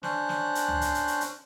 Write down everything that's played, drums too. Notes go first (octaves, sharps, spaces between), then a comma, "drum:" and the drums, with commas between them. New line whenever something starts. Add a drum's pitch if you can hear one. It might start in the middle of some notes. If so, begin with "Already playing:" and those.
C#4 D4 C5 F#6, drum: snare
drum: snare
drum: hi-hat
drum: tom C#2
drum: hi-hat
drum: hi-hat
drum: hi-hat
drum: hi-hat